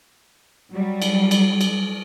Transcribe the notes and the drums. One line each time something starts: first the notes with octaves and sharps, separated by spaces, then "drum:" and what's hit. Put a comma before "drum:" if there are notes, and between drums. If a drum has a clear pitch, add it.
F#3 G3
drum: cymbal
drum: cymbal
drum: cymbal